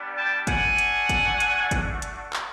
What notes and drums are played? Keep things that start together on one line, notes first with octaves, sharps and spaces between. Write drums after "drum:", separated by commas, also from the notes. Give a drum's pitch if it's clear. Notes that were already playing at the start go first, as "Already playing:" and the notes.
Already playing: G3 B3 D4
G5 A5
A3 D4 F#4 F#5 G#5, drum: kick, hi-hat
drum: hi-hat
drum: kick, hi-hat
drum: hi-hat
drum: kick, hi-hat
drum: hi-hat
drum: clap